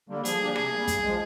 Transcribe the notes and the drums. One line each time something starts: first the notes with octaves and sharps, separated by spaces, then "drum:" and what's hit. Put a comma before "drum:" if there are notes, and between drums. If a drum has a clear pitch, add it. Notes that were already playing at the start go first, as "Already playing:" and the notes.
D3 G3 A#3
F3 G#4, drum: hi-hat
A#3 D4 G4
C3 G#4, drum: rim click
G3 A#3
G2, drum: kick, hi-hat
G#3
F3